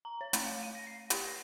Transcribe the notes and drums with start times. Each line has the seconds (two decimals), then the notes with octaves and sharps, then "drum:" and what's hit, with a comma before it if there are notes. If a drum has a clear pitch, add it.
0.05 A#5
0.21 C#5
0.33 A3, drum: hi-hat
0.46 F5
0.63 D#7
0.75 A#6
0.87 C7
1.10 G4, drum: hi-hat
1.25 A#6